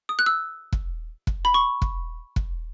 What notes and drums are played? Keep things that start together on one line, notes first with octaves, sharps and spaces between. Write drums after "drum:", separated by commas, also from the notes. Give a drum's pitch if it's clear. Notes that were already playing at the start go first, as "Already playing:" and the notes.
D#6
F#6
E6
drum: kick
drum: kick
B5
C#6
drum: kick
drum: kick